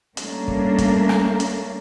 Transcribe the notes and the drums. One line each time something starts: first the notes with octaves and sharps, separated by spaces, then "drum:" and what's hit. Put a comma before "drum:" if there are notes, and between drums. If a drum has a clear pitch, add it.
G3 A3 A#3 C#4 D4 A#4, drum: hi-hat
drum: kick
drum: kick, hi-hat
drum: rim click
drum: hi-hat